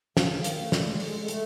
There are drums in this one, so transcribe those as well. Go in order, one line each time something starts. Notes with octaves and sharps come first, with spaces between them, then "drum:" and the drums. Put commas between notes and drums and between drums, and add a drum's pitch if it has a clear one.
D3 F5, drum: snare
D#3
F5, drum: hi-hat
A3
D5, drum: snare
G#3
G#3 A4, drum: open hi-hat
G#3
A3, drum: hi-hat